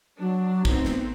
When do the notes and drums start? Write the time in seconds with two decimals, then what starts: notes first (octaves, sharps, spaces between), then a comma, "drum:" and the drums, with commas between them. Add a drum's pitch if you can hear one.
0.19 F#3 D4
0.65 A3 B3 C4 D#4, drum: kick
0.85 drum: snare